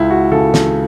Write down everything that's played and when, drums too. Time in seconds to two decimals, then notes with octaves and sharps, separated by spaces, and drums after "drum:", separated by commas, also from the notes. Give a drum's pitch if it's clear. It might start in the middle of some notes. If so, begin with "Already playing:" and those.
Already playing: C#2 E4
0.10 F#4
0.31 C#3 A4
0.54 drum: snare